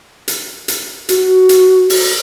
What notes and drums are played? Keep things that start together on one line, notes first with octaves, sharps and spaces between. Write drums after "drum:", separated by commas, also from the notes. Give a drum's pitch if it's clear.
drum: hi-hat
drum: hi-hat
F#4, drum: hi-hat
drum: hi-hat
drum: open hi-hat